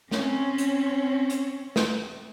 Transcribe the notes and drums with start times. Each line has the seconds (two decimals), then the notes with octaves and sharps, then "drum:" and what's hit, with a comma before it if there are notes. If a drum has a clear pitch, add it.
0.11 C4 C#4, drum: snare
0.58 drum: hi-hat
1.30 drum: hi-hat
1.76 drum: snare